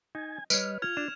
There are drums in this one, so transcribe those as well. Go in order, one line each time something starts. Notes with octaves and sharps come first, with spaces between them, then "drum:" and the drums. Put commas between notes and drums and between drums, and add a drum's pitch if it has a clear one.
D#4 G#5 G#6
G3 B4 C#5 D#5 F6, drum: tambourine
F4 F6 G#6 F7
D4 E7